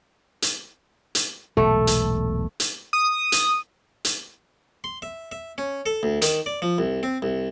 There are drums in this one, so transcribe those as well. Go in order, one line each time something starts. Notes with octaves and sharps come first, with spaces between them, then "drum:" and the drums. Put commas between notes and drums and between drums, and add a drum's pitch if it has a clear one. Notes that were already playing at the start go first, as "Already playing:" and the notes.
drum: hi-hat
drum: hi-hat
E1 B1 A#2 A3 A4
drum: hi-hat
drum: hi-hat
D#6
drum: hi-hat
drum: hi-hat
C6
E5
E5
C#4
A4
D2
D#3, drum: hi-hat
D5
F3
C2
C4
C2